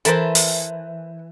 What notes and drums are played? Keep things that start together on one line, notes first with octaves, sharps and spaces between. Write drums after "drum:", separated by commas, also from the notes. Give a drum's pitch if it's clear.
E3 A4 A#4 C5 A5 B5, drum: hi-hat
drum: open hi-hat